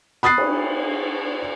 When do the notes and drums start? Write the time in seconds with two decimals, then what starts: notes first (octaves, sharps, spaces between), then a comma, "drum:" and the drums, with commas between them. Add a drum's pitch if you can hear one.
0.23 B5 D#6 F#6 A6 C7
0.38 drum: cymbal